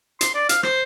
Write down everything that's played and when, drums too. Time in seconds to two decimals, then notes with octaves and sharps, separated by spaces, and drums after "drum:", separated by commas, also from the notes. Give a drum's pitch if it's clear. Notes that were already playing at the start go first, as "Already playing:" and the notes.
0.21 C6, drum: hi-hat
0.35 D5
0.49 F5, drum: hi-hat
0.63 C5, drum: rim click